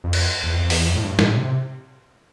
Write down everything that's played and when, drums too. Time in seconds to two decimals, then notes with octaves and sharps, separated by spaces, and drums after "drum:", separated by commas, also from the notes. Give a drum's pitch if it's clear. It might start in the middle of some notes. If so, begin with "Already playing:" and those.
0.04 F2
0.13 drum: cymbal
0.43 E2
0.54 F2
0.65 F2
0.70 E2, drum: open hi-hat
0.87 F2
0.96 A2
1.03 G2
1.19 A2, drum: snare
1.36 C3